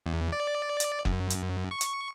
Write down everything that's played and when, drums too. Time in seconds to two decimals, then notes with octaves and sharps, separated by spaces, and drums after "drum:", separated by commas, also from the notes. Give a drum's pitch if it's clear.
0.06 E2
0.32 D5
0.80 drum: hi-hat
1.05 F#2, drum: kick F#1
1.30 drum: hi-hat
1.71 C#6
1.81 drum: hi-hat